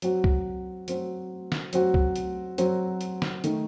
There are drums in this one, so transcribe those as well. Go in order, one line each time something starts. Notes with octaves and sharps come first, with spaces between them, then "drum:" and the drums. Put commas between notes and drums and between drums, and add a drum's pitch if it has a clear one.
F#3 C4 F#4, drum: hi-hat
drum: kick C2
F#3 C4 F#4, drum: hi-hat
drum: snare
F#3 C4 F#4, drum: hi-hat
drum: kick C2
drum: hi-hat
F#3 C4 F#4, drum: hi-hat
drum: hi-hat
drum: snare
D#3 A3 D#4, drum: hi-hat